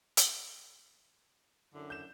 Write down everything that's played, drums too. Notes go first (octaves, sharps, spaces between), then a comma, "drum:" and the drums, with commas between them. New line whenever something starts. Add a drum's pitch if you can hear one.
drum: hi-hat
F#2 D3 E4
G6 E7